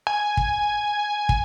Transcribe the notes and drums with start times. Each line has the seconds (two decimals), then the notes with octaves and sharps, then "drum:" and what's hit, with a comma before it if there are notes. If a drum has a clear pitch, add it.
0.07 G#5
0.37 drum: kick
1.29 drum: kick